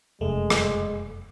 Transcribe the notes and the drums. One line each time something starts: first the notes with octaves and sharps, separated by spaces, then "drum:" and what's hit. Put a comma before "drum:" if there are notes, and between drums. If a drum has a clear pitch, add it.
F1 F#2 G#3 A3
drum: rim click